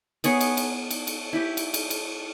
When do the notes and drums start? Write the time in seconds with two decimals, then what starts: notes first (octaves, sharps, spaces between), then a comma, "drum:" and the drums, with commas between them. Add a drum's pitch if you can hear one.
0.24 B3 G#4 C#5, drum: cymbal
0.41 drum: cymbal
0.57 drum: cymbal
0.91 drum: cymbal
1.07 drum: cymbal
1.33 E4 G4
1.57 drum: cymbal
1.74 drum: cymbal
1.90 drum: cymbal